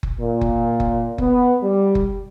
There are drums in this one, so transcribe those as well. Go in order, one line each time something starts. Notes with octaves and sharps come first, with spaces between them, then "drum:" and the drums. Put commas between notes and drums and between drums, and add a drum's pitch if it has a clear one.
drum: kick F#1
A#2
drum: kick F#1
drum: kick F#1
B3, drum: kick F#1
G3
drum: kick F#1